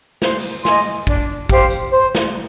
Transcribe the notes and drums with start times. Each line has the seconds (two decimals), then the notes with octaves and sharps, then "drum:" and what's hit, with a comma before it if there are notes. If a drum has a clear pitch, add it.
0.22 C5, drum: snare
0.40 drum: open hi-hat
0.65 D#5 G#5 C6, drum: snare
1.07 D4, drum: kick
1.49 G4 C5 F5, drum: kick
1.70 drum: tambourine
1.91 C5
2.15 drum: snare